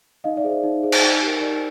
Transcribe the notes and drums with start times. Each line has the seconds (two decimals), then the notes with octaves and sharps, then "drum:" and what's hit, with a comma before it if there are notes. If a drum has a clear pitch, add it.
0.24 D#4 D#5 F5
0.37 D5 E5
0.44 G#4 C5
0.63 D#4
0.83 G#4 C5
0.92 drum: cymbal
1.02 D#4
1.21 G4 A#4
1.40 D#4 D5